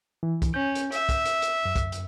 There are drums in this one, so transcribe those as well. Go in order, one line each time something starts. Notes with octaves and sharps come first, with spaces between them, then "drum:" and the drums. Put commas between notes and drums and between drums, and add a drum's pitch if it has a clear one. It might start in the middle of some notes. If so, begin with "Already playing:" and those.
E3
drum: kick, hi-hat
C#4 G6
drum: hi-hat
E5, drum: hi-hat
drum: kick, hi-hat
drum: hi-hat
drum: hi-hat
F#2
drum: kick, hi-hat
drum: hi-hat